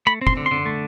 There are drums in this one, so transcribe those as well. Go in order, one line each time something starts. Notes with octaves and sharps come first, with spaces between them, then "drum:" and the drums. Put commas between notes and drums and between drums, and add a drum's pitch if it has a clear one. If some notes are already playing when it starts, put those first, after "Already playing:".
A3 B5
C4
C6, drum: kick
D3
C6
D3
A3